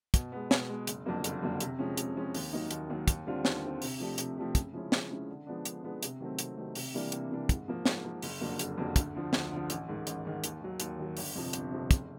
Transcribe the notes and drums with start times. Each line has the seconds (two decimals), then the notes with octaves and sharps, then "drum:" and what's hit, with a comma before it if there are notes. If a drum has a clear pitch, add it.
0.14 B2, drum: kick, hi-hat
0.32 G#3 B3
0.51 B2, drum: snare
0.69 G#3 B3
0.87 F#1, drum: hi-hat
1.06 F2 D3 F#3 A#3
1.24 F#1, drum: hi-hat
1.43 F2 D3 F#3 A#3
1.60 C3, drum: hi-hat
1.79 F3 G#3 C#4
1.97 C3, drum: hi-hat
2.16 F3 G#3 C#4
2.34 D#2, drum: open hi-hat
2.53 D#3 F#3 A#3 D#4
2.71 D#2, drum: hi-hat
2.90 D#3 F#3 A#3 D#4
3.08 D#2, drum: kick, hi-hat
3.27 D3 G3 C4 F4
3.45 D#2, drum: snare
3.63 D3 G3 C4 F4
3.82 C3, drum: open hi-hat
4.00 F3 A3 D4 G4
4.18 C3, drum: hi-hat
4.37 F3 A3 D4 G4
4.55 C#3, drum: kick, hi-hat
4.73 F3 G#3 C#4 E4
4.92 C#3, drum: snare
5.10 F3 G#3 C#4 E4
5.28 D3
5.47 F3 G#3 B3 D4
5.65 D3, drum: hi-hat
5.83 F3 G#3 B3 D4
6.03 C3, drum: hi-hat
6.20 D#3 F#3 A3 C4
6.39 C3, drum: hi-hat
6.57 D#3 F#3 A3 C4
6.75 C3, drum: open hi-hat
6.94 E3 G3 A#3 D4
7.12 C3, drum: hi-hat
7.30 E3 G3 A#3 D4
7.49 G#2, drum: kick, hi-hat
7.68 F3 A#3
7.85 G#2, drum: snare
8.04 F3 A#3
8.22 F#1, drum: open hi-hat
8.41 F2 D3 F#3 A#3
8.59 F#1, drum: hi-hat
8.78 F2 D3 F#3 A#3
8.96 D2, drum: kick, hi-hat
9.15 D3 F3
9.33 D2, drum: snare
9.52 D3 F3
9.70 A1, drum: hi-hat
9.88 G#2 D#3
10.07 A1, drum: hi-hat
10.25 G#2 D#3
10.44 D#2, drum: hi-hat
10.62 D#3 F#3
10.80 D#2, drum: hi-hat
10.99 D#3 F#3
11.17 G1, drum: open hi-hat
11.35 F2 C3 F3
11.53 G1, drum: hi-hat
11.72 F2 C3 F3
11.91 F#1, drum: kick, hi-hat